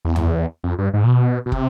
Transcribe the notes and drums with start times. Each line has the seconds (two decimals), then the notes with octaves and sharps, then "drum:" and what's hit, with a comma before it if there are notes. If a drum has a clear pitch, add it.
0.05 E2
0.16 drum: tom F2
0.64 F2
0.78 G2
0.94 G#2
1.04 A#2
1.08 B2
1.46 B2
1.52 C3, drum: kick